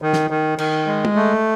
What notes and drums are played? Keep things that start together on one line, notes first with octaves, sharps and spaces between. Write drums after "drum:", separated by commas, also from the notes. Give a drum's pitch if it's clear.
D#3
drum: snare
D#3
D#3, drum: cymbal
G#3
drum: tom
A3